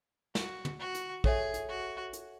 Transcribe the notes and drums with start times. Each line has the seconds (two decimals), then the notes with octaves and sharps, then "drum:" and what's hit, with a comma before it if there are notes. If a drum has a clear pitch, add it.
0.35 F#4, drum: snare
0.65 drum: tom
0.80 F#4
0.95 drum: hi-hat
1.24 G#4 A4 C#5 E5, drum: kick
1.54 drum: hi-hat
1.69 F#4
2.13 drum: hi-hat